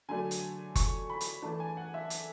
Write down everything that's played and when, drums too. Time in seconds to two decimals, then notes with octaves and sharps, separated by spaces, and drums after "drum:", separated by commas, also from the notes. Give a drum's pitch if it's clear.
0.09 D3 F#3 A3 D4 G#5
0.31 drum: hi-hat
0.75 C#6, drum: kick F#1, hi-hat
1.10 B5
1.21 drum: hi-hat
1.42 E3 A3 D4 A5
1.60 G#5
1.77 F#5
1.94 E5
2.10 drum: hi-hat